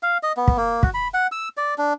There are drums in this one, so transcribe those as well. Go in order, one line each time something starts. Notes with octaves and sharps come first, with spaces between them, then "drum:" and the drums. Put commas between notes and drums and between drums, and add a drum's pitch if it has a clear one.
F5
D#5
B3
drum: kick
A#3
F#4, drum: kick
B5
F#5
E6
D5
D4